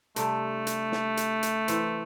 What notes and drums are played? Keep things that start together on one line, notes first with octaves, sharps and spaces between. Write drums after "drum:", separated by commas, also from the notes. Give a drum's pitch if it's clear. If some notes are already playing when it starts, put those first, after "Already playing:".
C3 G3 A3 D4 A4, drum: hi-hat
drum: hi-hat
drum: snare
drum: hi-hat
drum: hi-hat
E3 C4 E4 C5, drum: hi-hat